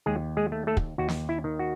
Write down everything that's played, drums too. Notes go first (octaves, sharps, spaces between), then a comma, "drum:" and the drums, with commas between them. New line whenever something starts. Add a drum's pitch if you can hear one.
D#2 G#3 G#4
G#3 G#4
A3
A3 A4
drum: kick
D#2 F#4
drum: snare
E4
D#3
F#4